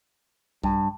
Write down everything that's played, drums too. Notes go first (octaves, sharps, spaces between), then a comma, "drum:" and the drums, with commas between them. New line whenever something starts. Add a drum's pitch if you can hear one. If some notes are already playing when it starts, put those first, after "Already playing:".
G2, drum: kick A#1